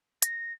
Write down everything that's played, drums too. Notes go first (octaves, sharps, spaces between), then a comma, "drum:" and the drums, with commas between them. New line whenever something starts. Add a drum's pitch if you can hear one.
A#6, drum: hi-hat